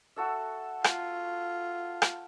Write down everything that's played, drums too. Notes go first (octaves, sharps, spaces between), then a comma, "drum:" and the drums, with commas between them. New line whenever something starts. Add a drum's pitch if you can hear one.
F#4 A4 E5
F4, drum: rim click
drum: rim click